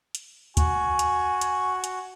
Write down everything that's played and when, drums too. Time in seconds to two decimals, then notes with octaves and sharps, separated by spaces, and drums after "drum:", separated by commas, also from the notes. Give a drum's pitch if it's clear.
0.15 drum: hi-hat
0.57 F#4 G#5, drum: kick, hi-hat
0.99 drum: hi-hat
1.41 drum: hi-hat
1.84 drum: hi-hat